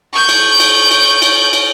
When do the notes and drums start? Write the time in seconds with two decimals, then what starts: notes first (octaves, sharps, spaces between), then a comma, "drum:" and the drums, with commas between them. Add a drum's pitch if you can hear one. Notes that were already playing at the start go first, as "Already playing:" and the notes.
0.13 C#6 G6
0.29 drum: cymbal
0.60 drum: cymbal
0.91 drum: cymbal
1.22 drum: cymbal
1.53 drum: cymbal